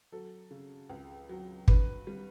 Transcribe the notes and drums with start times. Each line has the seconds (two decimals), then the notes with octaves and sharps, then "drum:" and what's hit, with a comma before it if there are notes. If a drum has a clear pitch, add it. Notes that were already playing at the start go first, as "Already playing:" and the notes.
0.12 F#3 A4
0.51 C#3
0.89 C#2
1.29 F#3
1.68 G2 B4, drum: kick
2.07 G3